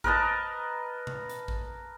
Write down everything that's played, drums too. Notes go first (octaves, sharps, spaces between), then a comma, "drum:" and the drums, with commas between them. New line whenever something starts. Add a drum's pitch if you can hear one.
A#4 B4 D#5 A5, drum: kick A1
drum: tom
drum: hi-hat
drum: kick A1